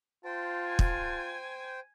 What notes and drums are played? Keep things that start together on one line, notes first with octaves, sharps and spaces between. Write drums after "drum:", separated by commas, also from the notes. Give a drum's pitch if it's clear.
F4 C5 G5 A5
G#5
drum: kick